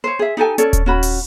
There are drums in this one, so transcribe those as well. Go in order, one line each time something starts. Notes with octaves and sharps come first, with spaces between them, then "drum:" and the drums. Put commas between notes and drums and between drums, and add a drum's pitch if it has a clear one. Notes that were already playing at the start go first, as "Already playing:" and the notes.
C5 C#5
G#4 E5
D#4 G4 A4 G#5
C#4 A4 C#5 D5, drum: hi-hat
drum: kick D#1, hi-hat
C#4 F#4 B5
drum: open hi-hat